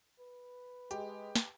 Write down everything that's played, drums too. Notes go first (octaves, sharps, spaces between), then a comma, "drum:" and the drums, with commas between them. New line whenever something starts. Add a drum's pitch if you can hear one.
B4
G#3 G4, drum: hi-hat
drum: snare